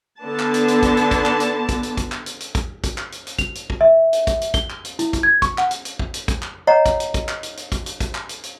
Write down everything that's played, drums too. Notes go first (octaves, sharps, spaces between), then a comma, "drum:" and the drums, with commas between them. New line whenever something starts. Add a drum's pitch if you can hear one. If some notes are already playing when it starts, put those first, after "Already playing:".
D3 B3 D4 A5
drum: clap
drum: hi-hat
drum: hi-hat
drum: kick, hi-hat
drum: hi-hat
drum: kick, hi-hat
drum: clap
drum: hi-hat
drum: kick, hi-hat
drum: hi-hat
drum: kick, hi-hat
drum: clap
drum: hi-hat
drum: hi-hat
drum: kick, hi-hat
drum: kick, hi-hat
drum: clap
drum: hi-hat
drum: hi-hat
F7, drum: kick, hi-hat
drum: hi-hat
drum: kick
E5
drum: hi-hat
drum: kick, hi-hat
drum: hi-hat
G7, drum: kick, hi-hat
drum: clap
drum: hi-hat
E4, drum: hi-hat
drum: kick, hi-hat
G#6
C#6, drum: kick, hi-hat
F#5, drum: clap
drum: hi-hat
drum: hi-hat
drum: kick
drum: hi-hat
drum: kick, hi-hat
drum: clap
C#5 D#5 F#5 A#5
drum: kick, hi-hat
drum: hi-hat
drum: kick, hi-hat
drum: clap
drum: hi-hat
drum: hi-hat
drum: kick, hi-hat
drum: hi-hat
drum: kick, hi-hat
drum: clap
drum: hi-hat
drum: hi-hat